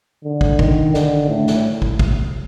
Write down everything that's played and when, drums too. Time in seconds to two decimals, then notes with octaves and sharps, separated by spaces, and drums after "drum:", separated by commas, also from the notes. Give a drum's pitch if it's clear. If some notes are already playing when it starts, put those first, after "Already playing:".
0.24 D3
0.41 drum: kick
0.59 D#3, drum: kick
0.94 D3, drum: snare
1.28 A2
1.47 drum: snare
1.82 drum: kick
1.99 drum: kick